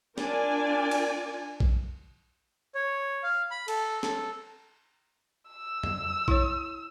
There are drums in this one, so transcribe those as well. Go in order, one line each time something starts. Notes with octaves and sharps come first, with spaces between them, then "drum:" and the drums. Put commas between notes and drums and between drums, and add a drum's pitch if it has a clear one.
D4 F4 A#4 D5 G#5, drum: snare
drum: cymbal
drum: kick A#1
C#5
F5
B5
A4, drum: cymbal
A4, drum: snare
E6
drum: tom
E4 C#5, drum: kick A#1